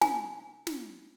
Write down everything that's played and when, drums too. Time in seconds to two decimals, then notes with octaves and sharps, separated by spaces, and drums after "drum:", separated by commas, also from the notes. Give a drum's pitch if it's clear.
0.01 G#5, drum: snare
0.67 drum: snare